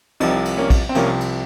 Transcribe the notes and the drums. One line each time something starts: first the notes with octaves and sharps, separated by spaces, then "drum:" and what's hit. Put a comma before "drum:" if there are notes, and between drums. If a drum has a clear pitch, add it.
C2 C3 F3 C4 D#4, drum: cymbal
drum: cymbal
A#3 C#4
drum: kick, cymbal
C4
C2 C3 F3 A#3 C#4, drum: cymbal
drum: cymbal